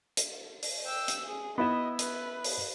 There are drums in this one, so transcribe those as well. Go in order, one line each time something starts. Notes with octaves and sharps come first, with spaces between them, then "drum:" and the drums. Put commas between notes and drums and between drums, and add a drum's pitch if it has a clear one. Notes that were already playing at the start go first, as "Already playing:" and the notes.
drum: hi-hat
drum: open hi-hat
G5 E6
drum: hi-hat
G#4
B3 E4 D#5 E5
B4, drum: hi-hat
drum: open hi-hat